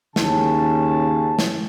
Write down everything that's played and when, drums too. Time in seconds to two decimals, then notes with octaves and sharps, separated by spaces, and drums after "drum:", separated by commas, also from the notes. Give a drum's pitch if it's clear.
0.16 D#2 C#3 C#4 A5, drum: snare
1.39 drum: snare